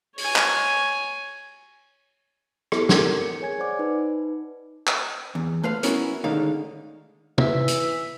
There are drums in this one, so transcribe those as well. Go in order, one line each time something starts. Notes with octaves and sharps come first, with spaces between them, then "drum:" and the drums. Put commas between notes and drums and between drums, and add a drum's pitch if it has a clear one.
C#5 G#5, drum: open hi-hat
drum: clap
B3 E4 G4 A4, drum: rim click
C4 A#4 D6, drum: snare
C#7
G#4 C#5 G#5 G#6
C5 D5 F#5 D6
D#4 B4
drum: clap
E2
A3 B4 C5 F5
B3 C#4 E4 F#4 A#4 G#5, drum: hi-hat
A2 D3 D#3 G#3 D#4 F5
E3 E5, drum: tom
drum: hi-hat